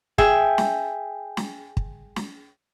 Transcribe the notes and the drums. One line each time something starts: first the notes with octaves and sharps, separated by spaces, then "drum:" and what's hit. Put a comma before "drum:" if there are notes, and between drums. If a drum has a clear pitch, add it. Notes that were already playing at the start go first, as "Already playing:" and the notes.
G#4 E5 G5, drum: kick
drum: snare
drum: snare
drum: kick
drum: snare